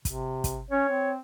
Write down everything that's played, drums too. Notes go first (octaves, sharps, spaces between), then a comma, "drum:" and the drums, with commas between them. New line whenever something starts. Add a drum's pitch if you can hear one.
C3, drum: kick, hi-hat
drum: kick, hi-hat
C#4 C#5
C4